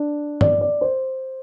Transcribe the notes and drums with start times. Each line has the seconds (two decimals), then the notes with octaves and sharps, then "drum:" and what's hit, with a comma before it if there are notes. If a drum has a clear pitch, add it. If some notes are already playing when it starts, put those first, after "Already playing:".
Already playing: D4
0.41 D5, drum: tom
0.61 D5
0.81 C5